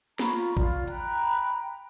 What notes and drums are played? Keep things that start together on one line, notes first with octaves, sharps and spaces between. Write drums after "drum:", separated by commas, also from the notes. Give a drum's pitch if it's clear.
F4 A#5 B5 C#6, drum: snare
F4 D5, drum: kick
G5 A#5 B5 F#6, drum: hi-hat